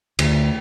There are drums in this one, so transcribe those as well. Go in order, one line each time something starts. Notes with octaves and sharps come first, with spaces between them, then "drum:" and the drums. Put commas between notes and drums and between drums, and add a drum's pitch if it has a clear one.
D2, drum: cymbal